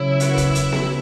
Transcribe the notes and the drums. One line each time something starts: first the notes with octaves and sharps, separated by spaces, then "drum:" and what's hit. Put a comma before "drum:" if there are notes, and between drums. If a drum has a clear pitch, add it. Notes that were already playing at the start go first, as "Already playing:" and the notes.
Already playing: C#3 F#3 C#4 E4
B3 F#4 B4, drum: hi-hat
drum: kick E1, hi-hat
drum: hi-hat
drum: snare B3